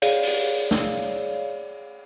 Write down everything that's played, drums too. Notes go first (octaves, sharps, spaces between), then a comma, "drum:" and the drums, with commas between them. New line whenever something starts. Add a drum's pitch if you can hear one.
G#4 C#5 D5 F5, drum: cymbal
drum: open hi-hat
drum: snare